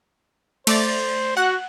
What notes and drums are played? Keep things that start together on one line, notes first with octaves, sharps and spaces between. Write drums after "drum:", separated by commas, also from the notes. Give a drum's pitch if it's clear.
A3 C5 D5 A6, drum: cymbal
F#4 F#5 F#6